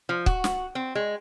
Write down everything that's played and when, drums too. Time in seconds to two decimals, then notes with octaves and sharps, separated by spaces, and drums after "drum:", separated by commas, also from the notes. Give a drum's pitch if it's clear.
0.09 F3
0.26 F#4, drum: kick
0.44 drum: snare
0.75 C4
0.95 G#3